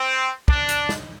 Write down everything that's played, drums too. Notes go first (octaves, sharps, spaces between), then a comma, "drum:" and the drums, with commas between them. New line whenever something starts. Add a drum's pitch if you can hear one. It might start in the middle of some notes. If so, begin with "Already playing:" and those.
Already playing: C4
D4, drum: kick
drum: hi-hat
drum: snare